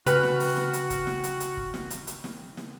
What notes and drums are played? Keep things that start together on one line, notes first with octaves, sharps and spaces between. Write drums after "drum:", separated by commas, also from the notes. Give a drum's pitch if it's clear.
C#3 F#4 B4 G5 F6, drum: hi-hat
drum: snare
drum: open hi-hat
drum: snare
drum: hi-hat
drum: kick, hi-hat
drum: snare
drum: hi-hat
drum: hi-hat
drum: kick
drum: snare
drum: hi-hat
drum: hi-hat
drum: snare
drum: snare